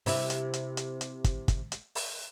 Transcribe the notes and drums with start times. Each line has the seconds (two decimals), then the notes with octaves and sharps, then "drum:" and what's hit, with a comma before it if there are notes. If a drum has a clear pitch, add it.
0.06 C3 E4, drum: open hi-hat
0.30 drum: hi-hat
0.54 drum: hi-hat
0.77 drum: hi-hat
1.01 drum: hi-hat
1.24 drum: kick, hi-hat
1.48 drum: kick, hi-hat
1.72 drum: hi-hat
1.95 drum: open hi-hat